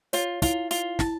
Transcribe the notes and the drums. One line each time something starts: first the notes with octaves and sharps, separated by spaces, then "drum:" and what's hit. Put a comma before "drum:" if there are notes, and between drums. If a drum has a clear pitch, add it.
F4 C#5, drum: hi-hat
E4 F4, drum: kick, hi-hat
F4, drum: hi-hat
E4 A5, drum: snare